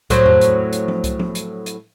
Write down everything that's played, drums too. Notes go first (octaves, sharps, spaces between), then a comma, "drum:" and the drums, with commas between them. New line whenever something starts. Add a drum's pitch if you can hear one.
A2 F#3 C4, drum: kick C2, hi-hat
drum: tom E2
drum: hi-hat
drum: hi-hat
drum: tom F3
drum: kick C2, hi-hat
drum: tom F3
drum: hi-hat
drum: hi-hat